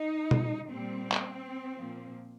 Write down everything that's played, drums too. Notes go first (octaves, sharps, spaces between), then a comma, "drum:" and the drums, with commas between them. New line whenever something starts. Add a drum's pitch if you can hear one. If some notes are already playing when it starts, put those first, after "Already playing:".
Already playing: D#4
drum: tom B2
A#2 G3 A#3 C4
drum: clap
A#2 F3 A#3